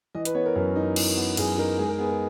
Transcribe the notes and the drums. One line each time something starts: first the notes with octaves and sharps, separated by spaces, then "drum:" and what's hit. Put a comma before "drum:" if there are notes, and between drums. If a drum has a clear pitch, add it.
E3 D#5
B4, drum: hi-hat
B3 C#5
A#4
F#2
D#4
E3, drum: cymbal
B3
F#2 G#4, drum: cymbal
D#4 A#4
G#3 G#4
A#4
B3 G#4
A#4